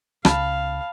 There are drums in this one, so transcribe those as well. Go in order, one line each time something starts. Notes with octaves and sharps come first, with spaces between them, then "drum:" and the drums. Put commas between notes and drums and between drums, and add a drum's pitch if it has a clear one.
C#2 F5 A5 B5, drum: rim click